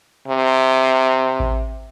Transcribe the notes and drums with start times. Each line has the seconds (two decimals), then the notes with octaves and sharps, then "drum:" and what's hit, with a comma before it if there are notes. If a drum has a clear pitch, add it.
0.28 C3
1.40 drum: kick A1